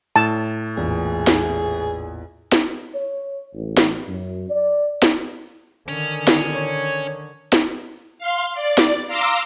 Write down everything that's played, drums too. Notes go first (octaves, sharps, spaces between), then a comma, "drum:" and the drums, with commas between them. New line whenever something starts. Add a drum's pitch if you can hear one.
A2 A5
A1 E2 A#2 G#4
drum: snare
drum: snare
C#5
A1
drum: snare
F#2
D5
drum: snare
D3 D#3 C#4
drum: snare
C#5
drum: snare
F5 C6
D5
drum: snare
F5 A#5 C6 D6 E6